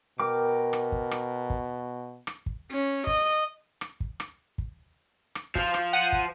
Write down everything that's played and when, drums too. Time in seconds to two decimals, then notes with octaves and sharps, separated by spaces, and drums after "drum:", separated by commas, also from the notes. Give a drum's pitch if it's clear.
0.20 B2 A#4 G5 D6
0.73 drum: rim click
0.92 drum: kick
1.11 drum: rim click
1.50 drum: kick
2.27 drum: rim click
2.46 drum: kick
2.71 C#4
3.07 D#5, drum: kick
3.81 drum: rim click
4.00 drum: kick
4.20 drum: rim click
4.58 drum: kick
5.35 drum: rim click
5.55 F3 F4, drum: kick
5.74 drum: rim click
5.93 F#5 D#7
6.12 drum: kick